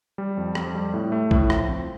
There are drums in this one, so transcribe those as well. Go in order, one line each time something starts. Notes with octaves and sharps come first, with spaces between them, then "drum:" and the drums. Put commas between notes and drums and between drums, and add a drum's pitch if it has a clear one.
G3
F2
F2, drum: rim click
G3
A2
A3
A2, drum: kick
F3, drum: rim click
C4